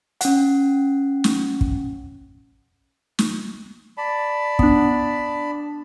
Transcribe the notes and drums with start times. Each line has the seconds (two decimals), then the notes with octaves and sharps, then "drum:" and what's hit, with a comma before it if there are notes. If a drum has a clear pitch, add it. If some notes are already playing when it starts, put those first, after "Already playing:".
0.21 C#4 F#5, drum: hi-hat
1.24 drum: snare
1.61 drum: kick
3.19 drum: snare
3.97 D5 A5 B5
4.59 B3 D4, drum: kick